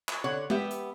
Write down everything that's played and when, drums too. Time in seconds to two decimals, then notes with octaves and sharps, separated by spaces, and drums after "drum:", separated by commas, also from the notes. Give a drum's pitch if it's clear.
0.09 drum: clap
0.24 D3 C#5 F#5
0.50 B3 G4 E5, drum: tom G#3
0.71 drum: hi-hat